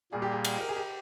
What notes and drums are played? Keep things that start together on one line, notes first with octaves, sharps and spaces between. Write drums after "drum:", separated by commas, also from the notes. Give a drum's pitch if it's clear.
A#2 G3 A#3 G#4
G4
G#4
drum: cymbal
A#4
G#4
G4